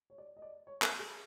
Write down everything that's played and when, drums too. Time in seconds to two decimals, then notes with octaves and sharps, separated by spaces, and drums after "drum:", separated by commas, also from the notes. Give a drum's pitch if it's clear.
0.10 C#5
0.18 D5
0.37 D#5
0.42 D5
0.67 C#5
0.82 A4, drum: clap
0.99 G#4